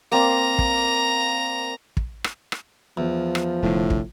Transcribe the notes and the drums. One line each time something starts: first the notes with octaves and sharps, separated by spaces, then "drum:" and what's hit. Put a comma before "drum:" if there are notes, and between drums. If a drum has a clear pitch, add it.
A#3 C4 D5 A#5
drum: kick
drum: kick
drum: rim click
drum: rim click
E2 F3
drum: rim click
F1 A2 D3
drum: kick